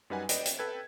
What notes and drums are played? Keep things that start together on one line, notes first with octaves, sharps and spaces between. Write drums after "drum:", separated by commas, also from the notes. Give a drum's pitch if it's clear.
F#2 G3 D#4 B4 F#5 G#5
B4 D5 D#5 G5, drum: hi-hat
drum: hi-hat
A4 B4 G5 G#6